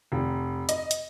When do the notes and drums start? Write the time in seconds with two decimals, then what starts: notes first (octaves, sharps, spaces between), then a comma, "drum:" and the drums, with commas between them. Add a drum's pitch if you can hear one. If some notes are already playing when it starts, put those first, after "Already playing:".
0.12 F1
0.69 D#5, drum: hi-hat
0.91 drum: hi-hat